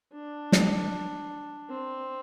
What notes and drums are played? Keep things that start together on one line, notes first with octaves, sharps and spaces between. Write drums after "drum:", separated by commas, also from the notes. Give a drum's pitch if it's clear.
D4
drum: snare
C4